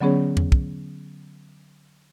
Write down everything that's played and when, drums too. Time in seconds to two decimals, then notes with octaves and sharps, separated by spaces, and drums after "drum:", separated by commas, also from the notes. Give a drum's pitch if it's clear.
0.01 D3 F#3 B3 C#4 G#4 C#5
0.37 drum: tom E2
0.52 drum: kick